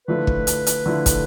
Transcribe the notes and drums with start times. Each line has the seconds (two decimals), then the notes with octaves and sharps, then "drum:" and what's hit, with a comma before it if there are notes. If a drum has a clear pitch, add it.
0.08 D3 F3 A3 E4 B4
0.27 drum: kick
0.47 drum: hi-hat
0.67 drum: hi-hat
0.86 D3 F3 A3 E4
1.06 drum: kick, hi-hat